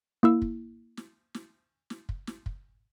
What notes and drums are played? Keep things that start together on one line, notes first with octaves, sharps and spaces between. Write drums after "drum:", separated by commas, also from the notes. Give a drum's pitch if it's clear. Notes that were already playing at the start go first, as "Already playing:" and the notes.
A#3 E4 E6
drum: kick
drum: snare
drum: snare
drum: snare
drum: kick
drum: snare
drum: kick